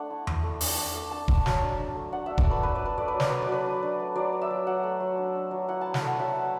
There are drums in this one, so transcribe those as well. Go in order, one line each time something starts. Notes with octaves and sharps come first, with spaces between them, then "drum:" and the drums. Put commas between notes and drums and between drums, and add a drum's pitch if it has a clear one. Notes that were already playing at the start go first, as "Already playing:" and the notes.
Already playing: A3 D4 F#5
E4
E4, drum: tom E2
A3
D4, drum: open hi-hat
D4
A3
D4 A5
D4, drum: kick E1
F#3, drum: snare
D4
D4
A3
D4 F#5
D4 E5
D5, drum: kick E1
A3 B4
D4 B4
D4 D5
B4
A3 D5
B4
F#3
D5, drum: snare
B3 B4
D5
F#3 B4
D4
D4
A3
F#3 D5
B3
E5
F#3
F#3 F#5
A3
F#3
D4
D4
F#3
E4 F#5
E4 A5
F#5, drum: snare
A3
F#5
F#3 E5
B3